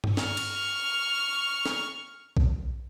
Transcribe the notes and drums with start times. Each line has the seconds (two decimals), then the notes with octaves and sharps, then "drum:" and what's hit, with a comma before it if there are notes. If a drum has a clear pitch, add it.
0.04 drum: tom G2
0.17 C#6 F6, drum: snare
0.37 drum: cymbal
1.66 drum: snare
2.37 drum: kick B1